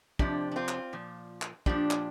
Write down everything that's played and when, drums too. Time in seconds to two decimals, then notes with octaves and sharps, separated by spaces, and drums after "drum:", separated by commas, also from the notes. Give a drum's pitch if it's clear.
0.19 F2 C3 F3 D4 G4, drum: kick
0.52 D4
0.56 C4 F4
0.68 drum: clap
0.93 A#2 F3
1.42 drum: clap
1.66 A#2 F3 D4 G4, drum: kick
1.91 drum: clap